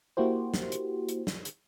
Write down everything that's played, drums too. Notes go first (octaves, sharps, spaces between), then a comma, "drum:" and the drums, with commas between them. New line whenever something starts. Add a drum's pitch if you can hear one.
A#3 E4 F#4 G4 C5
drum: snare
drum: hi-hat
drum: hi-hat
drum: snare
drum: hi-hat